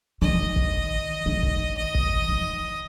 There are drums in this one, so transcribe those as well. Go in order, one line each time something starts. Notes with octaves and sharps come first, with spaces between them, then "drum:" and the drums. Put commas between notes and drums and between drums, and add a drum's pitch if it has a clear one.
D#3 D#5
drum: kick
D#3
drum: kick
D#5
drum: kick
D#3